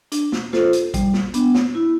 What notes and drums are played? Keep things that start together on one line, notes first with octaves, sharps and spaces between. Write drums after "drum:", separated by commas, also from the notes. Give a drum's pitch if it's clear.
D4, drum: hi-hat
drum: snare
F4 A4 C5, drum: snare
drum: hi-hat
G3, drum: kick A1, hi-hat
drum: snare
B3 D4, drum: hi-hat
drum: snare
E4